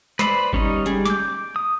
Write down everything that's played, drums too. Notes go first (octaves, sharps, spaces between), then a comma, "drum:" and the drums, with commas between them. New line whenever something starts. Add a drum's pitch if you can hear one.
B4 C5 D5 B5, drum: snare
G3 C#4 D#4 D#5, drum: kick G1
G3 G#4, drum: hi-hat
D6 G6, drum: snare
D#6